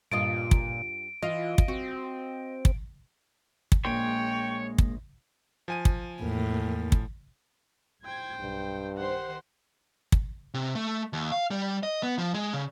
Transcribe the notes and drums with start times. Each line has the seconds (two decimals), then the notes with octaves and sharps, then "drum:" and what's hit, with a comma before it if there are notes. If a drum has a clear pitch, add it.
0.12 G2 A#2 F4 D#5 D7
0.51 drum: kick
1.23 E3 F4 D#5
1.58 drum: kick
1.68 C4 F#4
2.65 drum: kick
3.72 drum: kick
3.85 A#1 G#3 A#3 C#5 G5 C6 D7
4.78 drum: kick
5.68 F3 G#5 D#7
5.85 drum: kick
6.22 E2 A2 A#3
6.92 drum: kick
8.05 C5 G5 G#6
8.40 B1 G2
8.97 D#3 G4 C5 F#5 C6
10.12 drum: kick
10.54 C3
10.75 A3
11.13 D#2
11.32 F5
11.51 G3
11.83 D#5
12.03 B3
12.18 F3
12.34 G#3
12.53 C#3